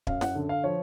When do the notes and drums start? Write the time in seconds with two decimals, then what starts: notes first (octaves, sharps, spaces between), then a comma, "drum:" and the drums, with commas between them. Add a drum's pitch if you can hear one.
0.07 F#2 F5, drum: kick
0.21 F#5, drum: snare
0.35 D3
0.49 F5
0.64 F3 C#5